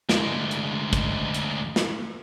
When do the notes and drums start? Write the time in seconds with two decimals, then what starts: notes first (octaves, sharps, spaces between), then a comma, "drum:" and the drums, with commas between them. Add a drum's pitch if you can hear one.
0.09 D2 G#3, drum: snare
0.51 drum: hi-hat
0.93 drum: kick, hi-hat
1.34 drum: hi-hat
1.76 drum: snare